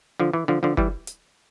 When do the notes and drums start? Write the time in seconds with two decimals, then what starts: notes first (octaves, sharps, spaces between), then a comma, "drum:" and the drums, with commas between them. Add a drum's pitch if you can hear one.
0.20 D3 F3
0.33 E3
0.48 D3 F3
0.63 D3 F3
0.77 E3 G3, drum: kick F#1
1.07 drum: hi-hat